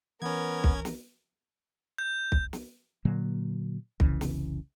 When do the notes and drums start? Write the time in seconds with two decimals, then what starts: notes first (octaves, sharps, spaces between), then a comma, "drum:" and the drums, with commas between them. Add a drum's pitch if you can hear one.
0.22 E3 B3 C#4 A#4 G#6
0.64 drum: kick
0.85 drum: snare
1.98 G6
2.32 drum: kick
2.53 drum: snare
3.05 A#2 D3 F#3 A#3
4.00 F1 C2 C#3 E3, drum: kick
4.21 drum: snare